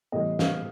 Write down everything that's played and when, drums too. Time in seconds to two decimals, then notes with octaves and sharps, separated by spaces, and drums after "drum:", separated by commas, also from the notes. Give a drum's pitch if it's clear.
0.12 A2 E3 G3 B3 D#5
0.39 F5, drum: snare